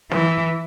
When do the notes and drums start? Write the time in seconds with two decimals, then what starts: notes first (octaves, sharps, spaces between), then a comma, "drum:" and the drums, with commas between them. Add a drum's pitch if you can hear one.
0.11 E3, drum: snare